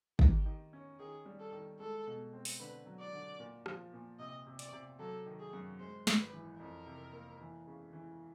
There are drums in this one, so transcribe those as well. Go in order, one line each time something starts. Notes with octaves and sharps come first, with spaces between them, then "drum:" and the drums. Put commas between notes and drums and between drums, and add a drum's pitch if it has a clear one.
D#3 G4, drum: kick
D#3
C#4
D#3 G#4
G3
A4
D#3
G#3 A4
B2
C4
drum: open hi-hat
D3 B4
F#3
D5
D3
A#2
F3, drum: rim click
A#2
C3 D#5
C3
D5, drum: hi-hat
C3
F#3 A4
D#3
G#4
F#2
G#3 C5
G#1, drum: snare
B4
E3
F2 A#4
C3
A#3
E3
C#3
E3